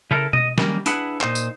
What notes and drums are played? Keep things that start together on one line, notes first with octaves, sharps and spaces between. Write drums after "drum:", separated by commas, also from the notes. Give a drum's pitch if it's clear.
C#3 E4 A4 A#4
D#5, drum: tom B2
D#3 G3 A#3 C#4, drum: snare F#3
D4 E4 G#4 B4 F#5, drum: hi-hat
A#2 D#4 C5, drum: clap
drum: tambourine